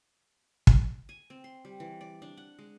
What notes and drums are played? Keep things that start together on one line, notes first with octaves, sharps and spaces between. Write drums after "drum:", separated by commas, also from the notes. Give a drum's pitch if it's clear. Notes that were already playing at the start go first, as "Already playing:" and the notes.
drum: kick
G#5
C4
C6
G3
E3
D5
D4
F#5
G#3